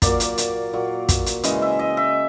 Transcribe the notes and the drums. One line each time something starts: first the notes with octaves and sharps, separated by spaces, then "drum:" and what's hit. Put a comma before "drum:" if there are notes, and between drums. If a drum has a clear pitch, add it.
A#2 F#3 A#3 D5, drum: kick, hi-hat
drum: hi-hat
drum: hi-hat
A#2 F#3 A#3
drum: kick, hi-hat
drum: hi-hat
C#3 E3 G#3 D#5, drum: hi-hat
E5
D#5
E5